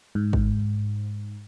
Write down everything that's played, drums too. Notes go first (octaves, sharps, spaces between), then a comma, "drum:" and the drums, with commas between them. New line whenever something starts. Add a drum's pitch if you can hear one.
G#2
drum: kick